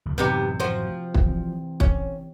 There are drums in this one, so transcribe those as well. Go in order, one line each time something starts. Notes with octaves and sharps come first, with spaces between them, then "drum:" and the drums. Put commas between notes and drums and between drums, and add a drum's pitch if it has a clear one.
F1 D2
A1 F#2 C3 B3 D#4 G4
F3 F#4 C5
drum: kick
E3 C4
C#4, drum: kick